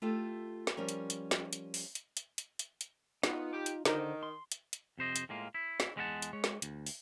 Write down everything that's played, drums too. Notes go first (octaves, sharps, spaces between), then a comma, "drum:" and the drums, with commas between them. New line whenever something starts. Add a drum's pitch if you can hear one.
A3 F4 G4 A4
drum: snare
F3 G3 C#4 A#4
drum: hi-hat
drum: hi-hat
drum: snare
drum: hi-hat
drum: open hi-hat
drum: hi-hat
drum: hi-hat
drum: hi-hat
drum: hi-hat
drum: hi-hat
B3 D#4 F4, drum: snare
G4
drum: hi-hat
D3 D#3 D#4 A#4 C5 D#5, drum: snare
C6
drum: hi-hat
drum: hi-hat
F2 C3 C5 D#5
drum: hi-hat
A2 G#3 A#3 F4
E4
drum: snare
E2 G#3 D4 A#4 F#5 A5
drum: hi-hat
G#3 C#5
drum: snare
D2, drum: hi-hat
drum: open hi-hat